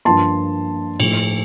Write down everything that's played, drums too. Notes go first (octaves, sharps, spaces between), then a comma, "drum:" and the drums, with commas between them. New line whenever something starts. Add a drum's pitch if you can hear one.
G2 F3 A#3 A5 C6
A2 F3 A3, drum: cymbal